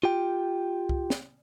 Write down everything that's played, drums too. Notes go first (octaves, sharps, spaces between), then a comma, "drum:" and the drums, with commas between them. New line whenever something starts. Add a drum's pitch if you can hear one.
F4 G4 G5
drum: kick C2
drum: snare